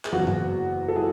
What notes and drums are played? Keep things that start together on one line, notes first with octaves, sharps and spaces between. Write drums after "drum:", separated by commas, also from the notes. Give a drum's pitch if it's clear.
G#4, drum: clap
F#1 E2 C#3 F#3 F#4
drum: tom G2
A4
E4 G#4